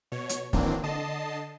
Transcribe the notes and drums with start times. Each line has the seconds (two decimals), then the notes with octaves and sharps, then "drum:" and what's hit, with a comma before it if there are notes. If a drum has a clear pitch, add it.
0.12 B2 C#5
0.29 drum: hi-hat
0.53 D#3 E3 F#3 A#3 C4 D4, drum: kick
0.83 D3 D#5 A5 C7